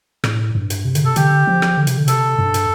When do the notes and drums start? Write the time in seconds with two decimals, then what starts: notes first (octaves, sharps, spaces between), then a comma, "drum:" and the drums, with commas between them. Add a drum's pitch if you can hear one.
0.24 A2, drum: rim click
0.55 G2
0.70 drum: hi-hat
0.85 C3
0.95 D3, drum: hi-hat
1.04 C3 A4
1.16 D3 G4, drum: hi-hat
1.47 F3
1.62 drum: rim click
1.77 D3
1.87 C3, drum: hi-hat
1.97 D3
2.08 C3 A4, drum: hi-hat
2.39 G2
2.54 drum: hi-hat